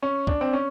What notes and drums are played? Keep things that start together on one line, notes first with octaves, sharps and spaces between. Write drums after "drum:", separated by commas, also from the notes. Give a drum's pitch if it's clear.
C#4
D4, drum: kick
C4
C#4